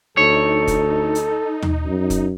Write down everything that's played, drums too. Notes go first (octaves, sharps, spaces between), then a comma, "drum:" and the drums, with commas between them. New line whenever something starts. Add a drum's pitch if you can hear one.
D2 D#4 A4 C#5
drum: kick, hi-hat
drum: hi-hat
drum: tom D#2
F#2
drum: kick, hi-hat